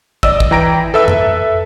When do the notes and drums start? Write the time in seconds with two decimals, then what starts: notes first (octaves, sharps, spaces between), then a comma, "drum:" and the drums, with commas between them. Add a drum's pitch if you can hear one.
0.23 D5 D#5 E6, drum: kick
0.40 drum: kick
0.51 E3 G5 A#5 A#6 D7
0.94 A4 B4 E5 E6
1.08 drum: tom F2